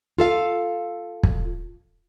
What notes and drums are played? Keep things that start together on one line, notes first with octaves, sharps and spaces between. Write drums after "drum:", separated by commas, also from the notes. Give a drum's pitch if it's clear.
F4 A4 F5
drum: kick